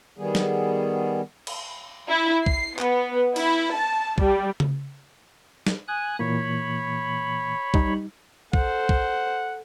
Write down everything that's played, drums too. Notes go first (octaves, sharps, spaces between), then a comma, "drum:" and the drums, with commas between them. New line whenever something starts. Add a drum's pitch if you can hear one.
D#3 G3 B3 G#4
drum: snare
drum: cymbal
E4
C7, drum: kick
B3, drum: clap
E4, drum: cymbal
A5
G3, drum: kick
drum: tom C#3
drum: snare
G#5 D#6 F#6
A#2 E3 A#3 C#5 B5
G3 D#4, drum: kick
A4 C5 F#5, drum: kick
drum: kick